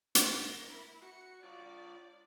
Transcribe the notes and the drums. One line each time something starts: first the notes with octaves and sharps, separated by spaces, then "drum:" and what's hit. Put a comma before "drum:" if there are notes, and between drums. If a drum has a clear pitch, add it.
drum: hi-hat
A#4 A#6
E4
F#4 C#7
F4 C#5 D5